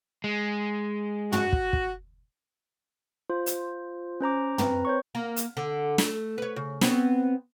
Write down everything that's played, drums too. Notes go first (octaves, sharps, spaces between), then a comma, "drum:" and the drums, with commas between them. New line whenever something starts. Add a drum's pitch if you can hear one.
G#3
F#4, drum: tom
drum: kick
drum: kick
F4 C5
drum: hi-hat
C#4 C5 A#5 D6
C4 B4 A#5, drum: tom
C5 C#5 C#6
A#3
drum: hi-hat
D3
A3, drum: snare
B4 C#5
C#3
B3 C4 C#5, drum: snare